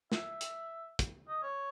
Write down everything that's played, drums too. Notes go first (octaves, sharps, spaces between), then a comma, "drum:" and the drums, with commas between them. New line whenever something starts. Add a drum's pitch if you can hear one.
E5, drum: snare
drum: hi-hat
drum: kick, hi-hat
D#5
C#5